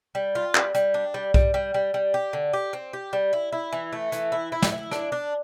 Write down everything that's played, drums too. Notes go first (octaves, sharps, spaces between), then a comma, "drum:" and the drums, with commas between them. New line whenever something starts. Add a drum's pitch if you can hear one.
G3
F4
G3, drum: clap
G3, drum: hi-hat
D4
G3
G3, drum: kick B1
G3
G3
G3
G4
D3
G4
C4
G4
G3
E4
E4
E3
A3
E3, drum: hi-hat
E4
E4
drum: snare
E4
D4, drum: rim click
D4